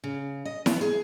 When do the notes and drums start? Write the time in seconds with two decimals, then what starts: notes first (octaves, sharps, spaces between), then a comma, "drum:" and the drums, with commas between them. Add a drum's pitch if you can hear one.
0.04 C#3
0.45 D#5
0.66 B3, drum: snare E4
0.81 G#4